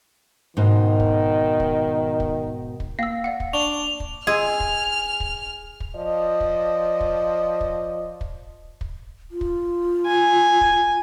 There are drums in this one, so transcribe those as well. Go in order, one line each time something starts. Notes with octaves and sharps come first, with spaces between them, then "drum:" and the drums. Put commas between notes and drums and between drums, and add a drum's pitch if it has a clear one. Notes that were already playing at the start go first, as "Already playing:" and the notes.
G#2 B2 D#3 D#4
drum: kick
drum: kick
drum: kick
drum: kick
A#3 F5 E6
D5 F5 F#5
drum: kick
D4 C#6 F7 G7
drum: kick
G#4 D#5 C6 E6 F6
drum: kick
drum: kick
drum: kick
F3 D5 D#5
drum: kick
drum: kick
drum: kick
drum: kick
drum: kick
F4
drum: kick
G#5
drum: kick